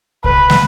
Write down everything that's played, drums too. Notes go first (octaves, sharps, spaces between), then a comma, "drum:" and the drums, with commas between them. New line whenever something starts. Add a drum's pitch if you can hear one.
B4, drum: kick C2
drum: snare